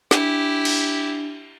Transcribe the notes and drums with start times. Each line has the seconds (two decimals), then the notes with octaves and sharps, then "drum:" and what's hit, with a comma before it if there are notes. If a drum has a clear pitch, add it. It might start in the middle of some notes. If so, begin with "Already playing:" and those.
0.11 D4 E4 G4, drum: snare
0.65 drum: cymbal